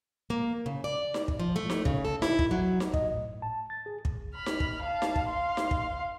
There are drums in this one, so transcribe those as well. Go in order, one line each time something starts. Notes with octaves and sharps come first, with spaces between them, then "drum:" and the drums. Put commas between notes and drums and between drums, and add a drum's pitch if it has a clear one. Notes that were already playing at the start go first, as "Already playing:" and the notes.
A#3
C#3
D5
drum: snare D#4
drum: kick
F3
A3
drum: snare D#4
C#3, drum: kick
A4
E4, drum: snare D#4
drum: kick
F#3
drum: snare D#4
D#5, drum: kick
A2
A5
A6
G#4
drum: kick
B5 F6
drum: snare D#4
drum: kick
F5 A5
drum: snare D#4
drum: kick
F5 C6
drum: snare D#4
drum: kick